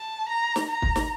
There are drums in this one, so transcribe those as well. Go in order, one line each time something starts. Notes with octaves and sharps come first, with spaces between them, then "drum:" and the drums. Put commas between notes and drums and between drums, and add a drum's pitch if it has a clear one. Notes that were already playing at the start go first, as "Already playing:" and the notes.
Already playing: A5
A#5
drum: snare
A#5
drum: kick
drum: snare